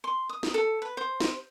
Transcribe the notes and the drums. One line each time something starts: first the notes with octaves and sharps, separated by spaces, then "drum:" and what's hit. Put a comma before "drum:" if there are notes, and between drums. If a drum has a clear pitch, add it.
C6
D#6
drum: snare
A4
B4
C5
drum: snare